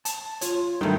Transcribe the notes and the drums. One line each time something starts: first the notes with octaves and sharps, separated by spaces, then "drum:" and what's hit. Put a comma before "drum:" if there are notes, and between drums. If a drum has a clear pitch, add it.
A5, drum: hi-hat
F4 C#5, drum: hi-hat
G2 D#3 F#3 G3 A3 G5